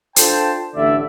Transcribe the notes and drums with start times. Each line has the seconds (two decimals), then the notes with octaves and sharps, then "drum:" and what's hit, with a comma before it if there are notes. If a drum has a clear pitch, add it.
0.16 D4 F4 A4 C5 G5 A5, drum: hi-hat
0.75 A1 D3 A3 D5 E5